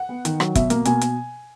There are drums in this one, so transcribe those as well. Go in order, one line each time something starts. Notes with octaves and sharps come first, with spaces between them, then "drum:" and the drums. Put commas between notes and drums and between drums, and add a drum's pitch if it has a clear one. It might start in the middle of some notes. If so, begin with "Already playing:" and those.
Already playing: F#5
B3
D#3, drum: hi-hat
F#3, drum: rim click
B2 E5, drum: kick, hi-hat
A#3, drum: hi-hat
B2 G#5, drum: hi-hat
drum: hi-hat